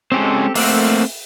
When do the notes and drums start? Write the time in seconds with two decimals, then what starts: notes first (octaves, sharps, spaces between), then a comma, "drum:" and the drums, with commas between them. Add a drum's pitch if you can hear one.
0.12 G#3 C4 C#4 G4 A4 C5
0.55 A3 A#3 C4 E5 F#5, drum: open hi-hat